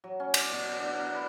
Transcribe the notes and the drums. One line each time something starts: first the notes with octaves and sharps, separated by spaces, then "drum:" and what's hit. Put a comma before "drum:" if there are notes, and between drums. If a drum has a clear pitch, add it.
F#3
C#4
D5, drum: cymbal
B2
D6
D4
A#4
B4